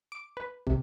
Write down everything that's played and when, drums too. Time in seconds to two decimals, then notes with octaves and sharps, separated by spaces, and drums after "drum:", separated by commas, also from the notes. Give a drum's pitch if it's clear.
0.12 D6
0.37 B4
0.67 C3, drum: kick